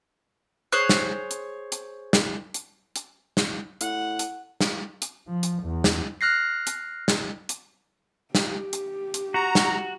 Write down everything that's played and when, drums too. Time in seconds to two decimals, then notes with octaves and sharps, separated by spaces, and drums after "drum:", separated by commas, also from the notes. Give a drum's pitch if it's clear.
0.72 G#4 C5 C#5 F#6
0.89 drum: snare
1.31 drum: hi-hat
1.72 drum: hi-hat
2.13 drum: snare
2.54 drum: hi-hat
2.96 drum: hi-hat
3.37 drum: snare
3.81 A2 F#5, drum: hi-hat
4.19 drum: hi-hat
4.61 drum: snare
5.02 drum: hi-hat
5.29 F3
5.43 drum: hi-hat
5.64 E2
5.84 drum: snare
6.21 F6 F#6 A#6 C7
6.67 drum: hi-hat
7.08 drum: snare
7.49 drum: hi-hat
8.35 G4, drum: snare
8.73 drum: hi-hat
9.14 drum: hi-hat
9.34 F#4 A#5
9.55 drum: snare